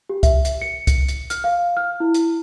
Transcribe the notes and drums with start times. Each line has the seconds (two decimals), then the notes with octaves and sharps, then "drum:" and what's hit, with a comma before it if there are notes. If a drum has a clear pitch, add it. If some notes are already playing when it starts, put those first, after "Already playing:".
0.09 G4
0.23 E5, drum: kick C2, hi-hat
0.45 drum: hi-hat
0.62 C#7
0.87 C#7, drum: kick C2, hi-hat
1.08 drum: hi-hat
1.30 F6, drum: hi-hat
1.44 F5
1.77 F6
2.00 E4
2.14 drum: hi-hat